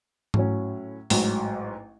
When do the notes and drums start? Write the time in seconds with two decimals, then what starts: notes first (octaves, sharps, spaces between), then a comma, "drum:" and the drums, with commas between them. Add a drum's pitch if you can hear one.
0.34 A2 F#3 C#4, drum: tom G#2
1.10 A1 G#2 F#3, drum: open hi-hat